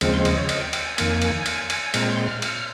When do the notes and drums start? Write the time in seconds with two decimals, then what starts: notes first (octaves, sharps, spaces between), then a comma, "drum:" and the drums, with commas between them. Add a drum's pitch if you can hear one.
0.01 D#2 C#3 F3 G#3 C4, drum: cymbal
0.14 C6
0.25 D#5, drum: cymbal
0.37 C#5
0.49 D#5, drum: cymbal
0.61 G5
0.73 G5, drum: cymbal
0.86 G#5
0.98 F2 D#3 A#3, drum: cymbal
1.22 drum: cymbal
1.46 drum: cymbal
1.70 drum: cymbal
1.94 A#2 G#3 C4 A#5, drum: cymbal
2.09 C6
2.27 F6
2.42 F6, drum: cymbal